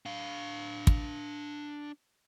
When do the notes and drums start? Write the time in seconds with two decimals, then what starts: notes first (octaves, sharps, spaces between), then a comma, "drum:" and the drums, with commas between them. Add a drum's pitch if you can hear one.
0.06 D4 F5
0.87 drum: kick